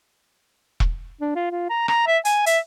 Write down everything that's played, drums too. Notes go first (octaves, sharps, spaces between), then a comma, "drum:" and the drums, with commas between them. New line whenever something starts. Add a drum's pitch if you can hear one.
drum: kick E1
D4
F4
F4
A#5
A#5, drum: rim click
E5
G#5, drum: hi-hat
E5, drum: hi-hat